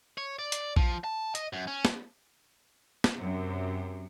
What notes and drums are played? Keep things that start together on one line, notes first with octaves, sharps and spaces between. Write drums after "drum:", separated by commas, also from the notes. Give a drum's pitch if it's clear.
C#5
D5
drum: hi-hat
F3, drum: kick A#1
A5
D#5, drum: hi-hat
F#2
C#4
drum: snare
drum: snare
F#2 C3